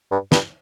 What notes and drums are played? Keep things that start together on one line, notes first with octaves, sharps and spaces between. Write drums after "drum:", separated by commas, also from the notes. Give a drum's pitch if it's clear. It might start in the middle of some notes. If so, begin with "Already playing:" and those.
G2
G2, drum: snare